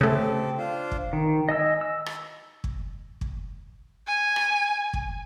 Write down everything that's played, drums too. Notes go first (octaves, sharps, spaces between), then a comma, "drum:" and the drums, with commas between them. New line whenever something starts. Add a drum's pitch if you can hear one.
C#3 A3 C4 G4 A4
D4 F4 C5
drum: kick
D#3
D#5 G#5 E6
E6
drum: rim click
drum: kick
drum: kick
G#5
drum: rim click
drum: kick